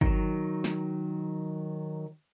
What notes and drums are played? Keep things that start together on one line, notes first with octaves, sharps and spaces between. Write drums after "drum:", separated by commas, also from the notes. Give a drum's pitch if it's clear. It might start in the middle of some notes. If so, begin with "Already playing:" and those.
D#3 F#3, drum: kick
drum: snare